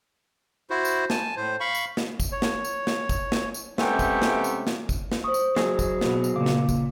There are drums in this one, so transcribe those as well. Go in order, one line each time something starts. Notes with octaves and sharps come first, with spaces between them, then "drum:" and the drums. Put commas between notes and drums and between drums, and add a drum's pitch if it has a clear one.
E4 F#4 C5
drum: tambourine
G#5 A5, drum: snare
A2 C5
F5 B5 C#6
drum: tambourine
drum: snare
drum: kick, tambourine
C#5
drum: snare
drum: tambourine
drum: snare
drum: kick, tambourine
drum: snare
drum: tambourine
C3 G#3 A3 B3 C#4 G4, drum: snare
drum: kick, tambourine
drum: snare
drum: tambourine
drum: snare
drum: kick, tambourine
drum: snare
C5 C#6 D#6
drum: tambourine
F#3 G#4, drum: snare
drum: kick, tambourine
B2, drum: snare
drum: tambourine
A#2 C#3 F5 D6
drum: snare
drum: kick, tambourine